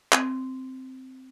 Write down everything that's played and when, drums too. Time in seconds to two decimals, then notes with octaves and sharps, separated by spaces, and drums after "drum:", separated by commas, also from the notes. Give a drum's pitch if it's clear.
0.12 C4, drum: clap